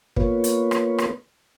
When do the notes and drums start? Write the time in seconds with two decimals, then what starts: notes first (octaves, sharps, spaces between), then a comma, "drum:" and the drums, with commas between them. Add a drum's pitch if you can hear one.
0.16 A#3 B3 F4 B4 C#5, drum: kick
0.44 drum: hi-hat
0.71 drum: rim click
0.98 drum: rim click